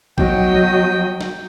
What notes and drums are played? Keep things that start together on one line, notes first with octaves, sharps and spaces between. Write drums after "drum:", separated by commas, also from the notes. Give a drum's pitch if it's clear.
F#3 D#5 G5, drum: kick
drum: snare